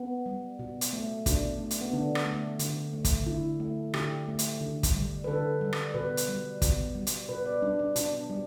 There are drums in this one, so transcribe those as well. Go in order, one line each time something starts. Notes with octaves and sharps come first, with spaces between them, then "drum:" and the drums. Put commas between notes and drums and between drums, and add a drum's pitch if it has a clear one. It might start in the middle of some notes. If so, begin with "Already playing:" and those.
Already playing: B3
G3
B2
drum: hi-hat
A3
B2 D4, drum: kick, hi-hat
A3
drum: hi-hat
B3
D3 D4
drum: rim click
A3
D3, drum: hi-hat
A3
drum: kick, hi-hat
D3 E4
A3
D3 G4, drum: rim click
A3
drum: hi-hat
D3
drum: kick, hi-hat
G3
B4
D3 A4
G3
drum: rim click
B2 B4
drum: hi-hat
G3
B2, drum: kick, hi-hat
G3
drum: hi-hat
B2 B4
D5
G3 D4
D4
B2 D4, drum: hi-hat
G3